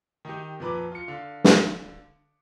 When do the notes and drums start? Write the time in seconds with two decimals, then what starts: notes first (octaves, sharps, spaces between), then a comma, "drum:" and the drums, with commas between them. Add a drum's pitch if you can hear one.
0.25 D#3 D#4 G4
0.60 F2 A#2 B4 A#5 B5 D6
0.92 F4 C#7
1.08 D3 F5
1.44 drum: snare